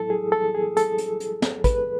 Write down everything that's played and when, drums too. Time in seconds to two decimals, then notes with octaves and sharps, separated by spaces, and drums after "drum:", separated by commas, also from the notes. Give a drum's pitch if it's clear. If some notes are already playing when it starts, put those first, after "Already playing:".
Already playing: A2 F#3 E4 A4
0.10 G#4
0.32 A4
0.55 G#4
0.77 A4, drum: hi-hat
0.98 drum: hi-hat
1.20 drum: hi-hat
1.42 drum: snare
1.64 B4, drum: kick, hi-hat